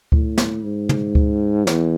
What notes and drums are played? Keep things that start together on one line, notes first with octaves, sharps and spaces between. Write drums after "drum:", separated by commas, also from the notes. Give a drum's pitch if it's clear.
A2, drum: kick D2
drum: snare
G#2
drum: tom
drum: kick D2
E2, drum: snare